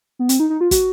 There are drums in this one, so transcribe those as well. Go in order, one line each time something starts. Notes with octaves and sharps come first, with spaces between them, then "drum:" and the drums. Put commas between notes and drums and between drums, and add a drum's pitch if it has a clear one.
B3
C4, drum: hi-hat
D#4
D#4
F4
F#4, drum: kick, hi-hat